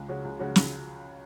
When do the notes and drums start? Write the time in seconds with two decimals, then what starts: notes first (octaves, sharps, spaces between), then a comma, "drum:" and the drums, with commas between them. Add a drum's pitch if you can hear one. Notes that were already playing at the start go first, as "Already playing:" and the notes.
Already playing: C#2
0.08 C#3 G#3 C#4 F#4
0.25 C#2
0.39 C#3 G#3 C#4 F#4
0.56 C#2, drum: snare